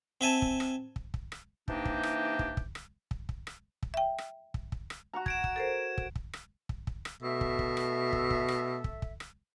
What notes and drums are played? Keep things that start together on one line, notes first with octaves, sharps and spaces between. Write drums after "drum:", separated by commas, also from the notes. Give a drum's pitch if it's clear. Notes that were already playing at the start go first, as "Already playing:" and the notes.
C4 E5 G#5 A5
drum: kick
drum: rim click
drum: kick
drum: kick
drum: rim click
C3 E3 A#3 D4 D#4 G4, drum: kick
drum: kick
drum: rim click
drum: kick
drum: kick
drum: rim click
drum: kick
drum: kick
drum: rim click
drum: kick
E5 G5
drum: rim click
drum: kick
drum: kick
drum: rim click
F#4 F#5 A#5
G#6 D7 E7, drum: kick
drum: kick
A4 A#4 C5
drum: kick
drum: kick
drum: rim click
drum: kick
drum: kick
drum: rim click
B2 A3 A4 E5
drum: kick
drum: kick
drum: rim click
drum: kick
drum: kick
drum: rim click
drum: kick
drum: kick
drum: rim click